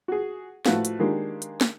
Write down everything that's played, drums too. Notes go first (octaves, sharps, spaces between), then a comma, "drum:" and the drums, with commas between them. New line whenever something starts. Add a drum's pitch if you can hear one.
F#4 G#4
A2 F3 A3 F#4 B4 F5, drum: snare
drum: hi-hat
D#3 G#3 A#3 D4 G4
drum: hi-hat
drum: snare